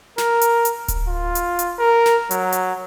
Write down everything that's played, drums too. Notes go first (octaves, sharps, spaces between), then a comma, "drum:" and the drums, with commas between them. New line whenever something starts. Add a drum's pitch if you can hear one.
A#4, drum: snare
drum: hi-hat
drum: hi-hat
drum: kick D1, hi-hat
F4
drum: hi-hat
drum: hi-hat
A#4
drum: snare
F#3, drum: hi-hat
drum: hi-hat